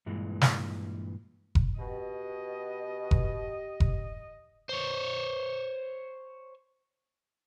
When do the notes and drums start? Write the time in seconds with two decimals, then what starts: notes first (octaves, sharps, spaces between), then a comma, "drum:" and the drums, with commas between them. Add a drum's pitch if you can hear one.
0.06 G2 A#2 E3 G#3
0.41 drum: snare
1.55 drum: kick F1
1.79 B2 G4 D#5
3.11 drum: kick F1
3.80 drum: kick F1
4.69 C5 C#5